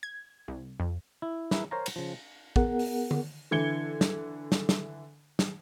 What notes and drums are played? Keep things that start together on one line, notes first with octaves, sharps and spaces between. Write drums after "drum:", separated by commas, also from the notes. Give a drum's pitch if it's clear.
G#6
C2
F2
E4
E4 G#4 A#4 B4, drum: snare
A#4 C5 C#5 F5 G#5 A#5
drum: cymbal
C#3 F3
B3 G#4 A#4 F#5, drum: kick
drum: open hi-hat
drum: tom D3
D3 E3 G#6 C#7 G7
drum: snare
drum: snare
drum: snare
drum: snare